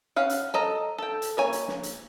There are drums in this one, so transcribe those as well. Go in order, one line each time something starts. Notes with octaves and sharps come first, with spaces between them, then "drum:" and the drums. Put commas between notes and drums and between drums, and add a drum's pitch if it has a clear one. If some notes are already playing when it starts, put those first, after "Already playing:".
C#4 F5 F#5
drum: hi-hat
A4 D#5 A#5
A4 G5
drum: hi-hat
A#3 C#5 G#5
drum: hi-hat
drum: snare
drum: hi-hat